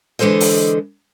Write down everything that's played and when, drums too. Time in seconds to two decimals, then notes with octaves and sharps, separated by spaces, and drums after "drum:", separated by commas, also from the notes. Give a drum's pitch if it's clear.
0.19 D3 E3 G#3 A4 C5 D#5
0.40 drum: open hi-hat